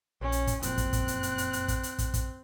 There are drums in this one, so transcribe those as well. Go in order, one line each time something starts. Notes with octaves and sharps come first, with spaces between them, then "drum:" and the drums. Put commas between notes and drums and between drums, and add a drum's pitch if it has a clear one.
A#1 C#4
drum: hi-hat
drum: kick, hi-hat
F#1 F2 A#2 C4 F#6, drum: hi-hat
drum: kick, hi-hat
drum: kick, hi-hat
drum: hi-hat
drum: hi-hat
drum: hi-hat
drum: hi-hat
drum: kick, hi-hat
drum: hi-hat
drum: kick, hi-hat
drum: kick, hi-hat